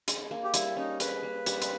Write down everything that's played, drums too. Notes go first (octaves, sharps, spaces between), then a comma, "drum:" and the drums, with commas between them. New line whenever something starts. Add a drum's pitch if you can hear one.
G#4, drum: hi-hat
A#3
G4
G3 E4, drum: hi-hat
C#4 D#4
G#4 B4, drum: hi-hat
A#3
G3, drum: hi-hat
drum: hi-hat